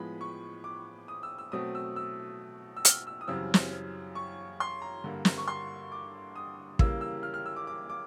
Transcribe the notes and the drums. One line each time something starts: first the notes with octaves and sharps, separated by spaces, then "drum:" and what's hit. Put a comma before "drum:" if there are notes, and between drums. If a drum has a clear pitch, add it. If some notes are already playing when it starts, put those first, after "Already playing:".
Already playing: A2 F3 G#3 B3 B5
C#6
D6
D#6
E6
E6
B2 F#3 A3 C4 D#6
E6
E6
E6
F6, drum: hi-hat
E6
D#6
F#2 C#3 E3 G3 C4 E6
drum: snare
C#6
C6
A#5
G2 D3 G3 A#3
drum: snare
C#6
C6
D6
D#6
C#3 E3 G3 A#3 E6, drum: kick
E6
F6
F6
E6
D6
D6
D6